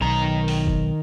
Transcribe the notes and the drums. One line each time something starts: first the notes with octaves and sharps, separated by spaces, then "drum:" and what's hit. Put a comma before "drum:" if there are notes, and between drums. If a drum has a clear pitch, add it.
B1 D#3 A#5
drum: open hi-hat
drum: kick F#1